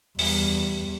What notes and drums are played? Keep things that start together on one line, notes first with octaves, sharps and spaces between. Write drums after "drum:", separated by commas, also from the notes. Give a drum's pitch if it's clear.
E2 G3, drum: open hi-hat